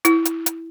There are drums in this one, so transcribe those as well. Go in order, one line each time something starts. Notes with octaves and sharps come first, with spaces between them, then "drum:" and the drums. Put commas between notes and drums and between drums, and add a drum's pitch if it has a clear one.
E4, drum: hi-hat
drum: hi-hat
drum: hi-hat